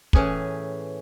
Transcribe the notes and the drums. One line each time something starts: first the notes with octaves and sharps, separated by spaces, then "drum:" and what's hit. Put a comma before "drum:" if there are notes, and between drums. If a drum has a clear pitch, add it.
A2 E3 C#4 G#4 B4, drum: kick